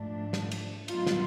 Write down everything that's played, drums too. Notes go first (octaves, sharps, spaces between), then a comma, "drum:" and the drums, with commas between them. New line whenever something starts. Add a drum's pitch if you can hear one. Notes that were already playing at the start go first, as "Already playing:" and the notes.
Already playing: G#2 F3 A3 D4
drum: snare
drum: cymbal
A2 F#3 B3 D#4 F4, drum: cymbal
drum: snare